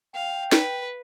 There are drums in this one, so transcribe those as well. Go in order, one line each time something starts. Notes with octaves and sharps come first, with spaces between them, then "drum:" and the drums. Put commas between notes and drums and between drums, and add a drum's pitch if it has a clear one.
F5 G5
B4, drum: snare